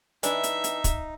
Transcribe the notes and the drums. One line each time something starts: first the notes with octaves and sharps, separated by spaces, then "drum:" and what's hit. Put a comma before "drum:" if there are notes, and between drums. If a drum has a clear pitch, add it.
E3 D4 D#4 E5, drum: hi-hat
drum: hi-hat
drum: hi-hat
drum: kick, hi-hat